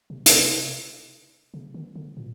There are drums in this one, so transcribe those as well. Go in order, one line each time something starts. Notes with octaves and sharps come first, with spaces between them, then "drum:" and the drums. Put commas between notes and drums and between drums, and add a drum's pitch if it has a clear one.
C3
C3, drum: hi-hat
C#3
D#3
D3
A#2